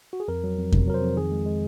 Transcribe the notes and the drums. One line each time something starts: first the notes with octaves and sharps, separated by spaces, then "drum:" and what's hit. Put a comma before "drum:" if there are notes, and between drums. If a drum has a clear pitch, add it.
F#4
G#4
F2 A#4
F#3
F2
C3, drum: kick F2
F#3 A#4
C5
F2
D#3 G#4
G#3
G#3